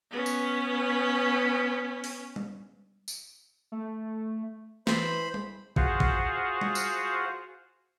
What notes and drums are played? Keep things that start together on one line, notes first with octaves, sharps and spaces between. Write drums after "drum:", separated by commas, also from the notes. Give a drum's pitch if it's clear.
B3 C#4
drum: tambourine
drum: open hi-hat
drum: tom G3
drum: tambourine
A3
E3 C5 B5, drum: snare
drum: tom G3
F4 F#4 G#4 C5 F5 F#5, drum: kick A1
drum: kick A1
drum: tom G3
drum: tambourine